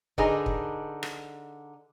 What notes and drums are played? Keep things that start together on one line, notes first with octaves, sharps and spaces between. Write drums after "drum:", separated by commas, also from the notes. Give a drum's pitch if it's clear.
D3 D4 D#4 G#4 A#4 B4, drum: kick
drum: kick
drum: rim click